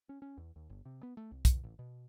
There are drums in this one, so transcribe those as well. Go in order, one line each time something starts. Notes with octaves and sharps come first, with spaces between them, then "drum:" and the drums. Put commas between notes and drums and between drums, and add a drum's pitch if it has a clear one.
C#4
C#4
E2
D#2
G1
C3
B3
A3
C2
E2, drum: kick, hi-hat
A1
B2